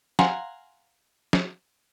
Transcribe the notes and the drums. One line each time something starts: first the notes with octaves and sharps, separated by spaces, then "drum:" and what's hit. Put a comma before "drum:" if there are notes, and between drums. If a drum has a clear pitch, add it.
F5 F#5 G#5 A#5 C6, drum: snare
drum: snare